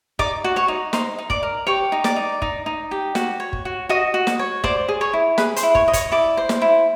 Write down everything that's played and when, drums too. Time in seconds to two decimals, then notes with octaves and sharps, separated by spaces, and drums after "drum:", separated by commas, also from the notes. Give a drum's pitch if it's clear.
0.19 D#4 D5 D6, drum: kick
0.44 F#4
0.56 C#5 C#6
0.68 D#4
0.93 D#4 C5 C6, drum: snare
1.19 D#4
1.30 D5 D6, drum: kick
1.43 A#4
1.67 G4 C#5 C#6
1.92 D#4
2.04 D5 D6, drum: snare
2.16 D#4
2.42 D#4, drum: kick
2.66 D#4
2.91 G4
3.15 F#4, drum: snare
3.40 C#5
3.53 drum: kick
3.65 F#4
3.89 F#4 D#5 D#6
4.14 F#4
4.27 drum: snare
4.39 C#5
4.64 C5 D5 D6, drum: kick
4.89 G#4
5.01 C#5 C#6
5.13 E4
5.38 G#4 B4 B5, drum: snare
5.56 C5 C6, drum: hi-hat
5.63 E4
5.75 C#5 C#6, drum: kick
5.88 D#5
5.93 C#5 C#6, drum: kick, hi-hat
6.12 E4 D5 D6
6.37 C5
6.49 drum: snare
6.62 E4